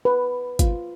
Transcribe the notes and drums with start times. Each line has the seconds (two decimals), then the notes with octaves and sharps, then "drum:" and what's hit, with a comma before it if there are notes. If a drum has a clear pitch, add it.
0.05 B4
0.59 F4, drum: kick G1, hi-hat